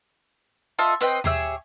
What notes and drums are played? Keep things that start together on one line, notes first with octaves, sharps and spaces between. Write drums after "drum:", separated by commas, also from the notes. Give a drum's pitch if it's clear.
F4 A4 D#5 E5
C4 B4 D#5 G5, drum: hi-hat
G4 G#4 C#5 E5, drum: tom D#2